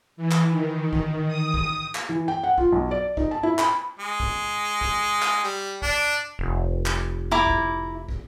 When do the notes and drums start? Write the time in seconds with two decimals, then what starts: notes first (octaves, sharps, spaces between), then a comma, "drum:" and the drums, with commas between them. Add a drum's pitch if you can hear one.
0.17 E3
0.31 drum: clap
0.49 D#3
0.93 drum: kick
1.27 D#6
1.54 drum: kick
1.95 drum: clap
2.09 E3
2.28 G5
2.44 F#5
2.58 F4, drum: kick
2.72 B1
2.91 D5
3.17 D#4, drum: kick
3.31 A5
3.43 E4
3.59 B5, drum: clap
3.99 G#3
4.20 drum: kick
4.81 drum: kick
5.22 drum: clap
5.43 G3
5.82 D4, drum: kick
6.39 F1
6.86 drum: clap
7.31 E4 A#5 D6
7.47 drum: kick
8.09 drum: kick